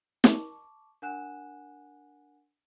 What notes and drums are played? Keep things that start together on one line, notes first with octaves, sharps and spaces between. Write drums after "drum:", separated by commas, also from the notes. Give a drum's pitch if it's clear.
A5 C#6 D6, drum: snare
D4 A#4 F#5 G#5 F#6 E7